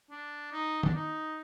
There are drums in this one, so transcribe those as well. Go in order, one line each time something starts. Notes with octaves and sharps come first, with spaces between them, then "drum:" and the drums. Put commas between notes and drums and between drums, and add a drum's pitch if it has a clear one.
D4
D#4
D4, drum: tom
D#4